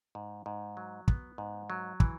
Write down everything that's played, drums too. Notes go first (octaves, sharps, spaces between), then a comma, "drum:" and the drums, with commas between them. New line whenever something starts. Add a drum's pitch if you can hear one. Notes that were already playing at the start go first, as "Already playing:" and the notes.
G#2
G#2
F#3
B3, drum: kick
G#2
F#3
E3, drum: kick